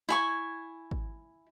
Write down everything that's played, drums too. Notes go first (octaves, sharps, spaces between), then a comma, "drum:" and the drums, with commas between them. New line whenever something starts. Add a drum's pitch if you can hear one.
E4 G#5 C#6
drum: kick G#1